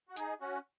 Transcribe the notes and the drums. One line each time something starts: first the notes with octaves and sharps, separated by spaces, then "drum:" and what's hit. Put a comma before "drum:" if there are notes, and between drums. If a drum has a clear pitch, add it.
F#4
D#4 G#4, drum: hi-hat
C#4 F#4